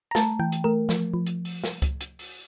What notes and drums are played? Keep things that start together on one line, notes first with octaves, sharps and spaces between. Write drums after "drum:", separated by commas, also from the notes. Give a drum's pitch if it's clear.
A#5
A3 A5, drum: snare
E3 G5
drum: hi-hat
A3 A#4
F3, drum: snare
F3
drum: hi-hat
drum: open hi-hat
drum: snare
drum: kick C#2, hi-hat
drum: hi-hat
drum: open hi-hat